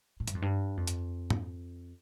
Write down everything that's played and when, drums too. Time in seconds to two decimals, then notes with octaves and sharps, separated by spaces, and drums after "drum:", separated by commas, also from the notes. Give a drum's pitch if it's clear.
0.20 A2
0.28 G2, drum: hi-hat
0.35 F2
0.42 G2
0.77 F2
0.87 drum: hi-hat
1.30 drum: tom